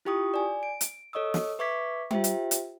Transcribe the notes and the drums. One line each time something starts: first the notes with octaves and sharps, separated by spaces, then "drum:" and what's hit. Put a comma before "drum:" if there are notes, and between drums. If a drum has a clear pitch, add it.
E4 F4 G4 G5 C#6 D#6
D5 G#5
D7
drum: hi-hat
A4 C#5 D#5 C#6 D#6 E6
drum: snare
B4 E5 C#6 D6 G#6 B6
F4 G4 C5 E5 G5, drum: tom G3
drum: hi-hat
drum: hi-hat